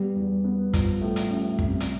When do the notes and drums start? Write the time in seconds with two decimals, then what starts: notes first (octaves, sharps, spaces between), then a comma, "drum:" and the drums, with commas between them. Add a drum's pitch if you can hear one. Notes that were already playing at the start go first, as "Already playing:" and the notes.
Already playing: G3 B3
0.16 E2
0.44 B3
0.74 F3, drum: kick, hi-hat
1.01 A2
1.16 drum: hi-hat
1.30 A1
1.59 C3, drum: kick
1.80 drum: hi-hat